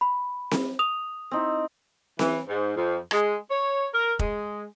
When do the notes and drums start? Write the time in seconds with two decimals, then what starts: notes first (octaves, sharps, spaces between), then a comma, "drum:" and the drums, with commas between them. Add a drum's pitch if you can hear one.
0.01 B5
0.51 drum: snare C4
0.79 D#6 F7
1.31 C4 D#4 E4
2.19 E3, drum: snare C4
2.47 G#2
2.75 F2
3.11 G#3, drum: rim click
3.49 C#5
3.93 A#4
4.19 G#3, drum: kick